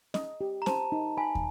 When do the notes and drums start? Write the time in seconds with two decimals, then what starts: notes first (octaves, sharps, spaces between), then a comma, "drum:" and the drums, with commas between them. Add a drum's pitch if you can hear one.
0.14 D#5, drum: snare
0.41 G4
0.62 A#5
0.66 C5 A5, drum: snare
0.92 D#4
1.17 G#5 B5
1.35 drum: kick